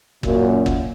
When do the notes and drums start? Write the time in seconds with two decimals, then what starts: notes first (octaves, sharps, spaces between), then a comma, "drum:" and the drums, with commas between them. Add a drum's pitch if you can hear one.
0.23 F#2 A#2, drum: kick
0.66 drum: kick